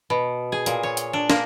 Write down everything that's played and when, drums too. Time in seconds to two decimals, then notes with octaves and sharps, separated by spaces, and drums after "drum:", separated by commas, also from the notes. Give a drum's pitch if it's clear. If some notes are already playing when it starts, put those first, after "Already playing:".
0.10 B2
0.52 G#4
0.66 A#2, drum: hi-hat
0.83 C#5
0.97 drum: hi-hat
1.13 D4
1.30 A#3, drum: snare